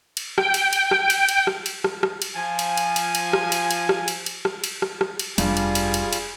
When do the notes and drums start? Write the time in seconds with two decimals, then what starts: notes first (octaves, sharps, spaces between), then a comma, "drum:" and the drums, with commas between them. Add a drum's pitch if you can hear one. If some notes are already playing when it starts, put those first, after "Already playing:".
0.17 drum: cymbal
0.38 G5, drum: rim click
0.54 drum: cymbal
0.73 drum: cymbal
0.91 drum: rim click
1.10 drum: cymbal
1.29 drum: cymbal
1.47 drum: rim click
1.66 drum: cymbal
1.84 drum: rim click
2.03 drum: rim click
2.22 drum: cymbal
2.36 F3 G#5
2.59 drum: cymbal
2.77 drum: cymbal
2.96 drum: cymbal
3.15 drum: cymbal
3.33 drum: rim click
3.52 drum: cymbal
3.71 drum: cymbal
3.89 drum: rim click
4.08 drum: cymbal
4.26 drum: cymbal
4.45 drum: rim click
4.64 drum: cymbal
4.82 drum: rim click
5.01 drum: rim click
5.19 drum: cymbal
5.38 F1 G2 G3 D4 F4 G#4, drum: cymbal
5.57 drum: cymbal
5.75 drum: cymbal
5.94 drum: cymbal
6.13 drum: cymbal